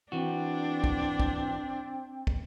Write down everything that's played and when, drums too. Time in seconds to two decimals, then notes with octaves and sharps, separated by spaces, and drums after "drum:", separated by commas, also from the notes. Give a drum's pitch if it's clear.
0.12 E3 C4 D4 F#4
0.84 drum: kick
1.20 drum: kick
2.27 drum: kick